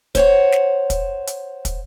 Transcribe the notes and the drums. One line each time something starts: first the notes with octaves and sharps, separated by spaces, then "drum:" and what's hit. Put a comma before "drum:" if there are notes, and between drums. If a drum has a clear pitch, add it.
C5 C#5 F#5, drum: kick, hi-hat
drum: snare
drum: kick, hi-hat
drum: hi-hat
drum: kick, hi-hat